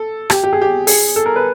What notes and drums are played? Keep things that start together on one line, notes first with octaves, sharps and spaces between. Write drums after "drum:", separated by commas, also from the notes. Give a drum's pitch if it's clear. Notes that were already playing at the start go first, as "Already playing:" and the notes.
Already playing: A4
G4, drum: rim click
G4
G#4
G4
G#4, drum: open hi-hat
A4
A#4
B4